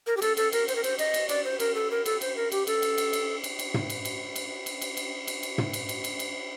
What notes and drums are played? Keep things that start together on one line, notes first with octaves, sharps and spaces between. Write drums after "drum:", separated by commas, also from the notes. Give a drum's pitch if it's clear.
A#4
G4
A4, drum: cymbal
A4, drum: cymbal
A#4, drum: cymbal
C5, drum: cymbal
A#4
C5, drum: cymbal
D#5, drum: cymbal
drum: cymbal
D5, drum: cymbal
C5
A#4, drum: cymbal
A4
A#4
A4, drum: cymbal
C5, drum: cymbal
A#4
G4, drum: cymbal
A4, drum: cymbal
drum: cymbal
drum: cymbal
drum: cymbal
drum: cymbal
drum: cymbal
drum: tom
drum: cymbal
drum: cymbal
drum: cymbal
drum: cymbal
drum: cymbal
drum: cymbal
drum: cymbal
drum: cymbal
drum: tom
drum: cymbal
drum: cymbal
drum: cymbal
drum: cymbal